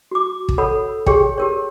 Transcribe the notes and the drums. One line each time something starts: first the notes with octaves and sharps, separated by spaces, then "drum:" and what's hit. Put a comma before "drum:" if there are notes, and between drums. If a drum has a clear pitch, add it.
F#4 D6
drum: kick
A4 A#4 C#5 F#5 B5
G4 G#4 C#5 G5, drum: kick
G4 A#4 C#5